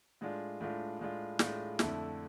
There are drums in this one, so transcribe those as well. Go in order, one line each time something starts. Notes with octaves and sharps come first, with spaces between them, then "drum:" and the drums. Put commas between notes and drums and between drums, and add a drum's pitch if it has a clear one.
A2 G#3 D4 F4
A2 G#3 D4 F4
A2 G#3 D4 F4
A2 G#3 D4 F4, drum: snare
F2 D3 A3 E4, drum: snare